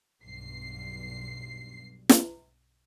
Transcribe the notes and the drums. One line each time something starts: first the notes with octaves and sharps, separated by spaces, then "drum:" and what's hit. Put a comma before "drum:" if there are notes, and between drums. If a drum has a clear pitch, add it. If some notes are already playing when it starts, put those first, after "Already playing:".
B1 G2 C7
drum: snare